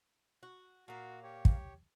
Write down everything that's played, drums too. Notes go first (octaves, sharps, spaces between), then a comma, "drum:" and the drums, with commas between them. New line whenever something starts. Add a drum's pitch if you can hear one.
F#4
A#2 A#3 F#4
G4 C#5
drum: kick